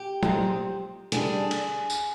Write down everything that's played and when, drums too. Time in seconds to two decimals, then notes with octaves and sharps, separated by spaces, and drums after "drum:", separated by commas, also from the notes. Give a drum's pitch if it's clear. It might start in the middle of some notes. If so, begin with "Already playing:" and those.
Already playing: G4
0.23 A#2 G#3 C4 D#4, drum: tom
1.12 D3 G3 D4 G#4, drum: hi-hat
1.51 drum: cymbal
1.90 drum: tambourine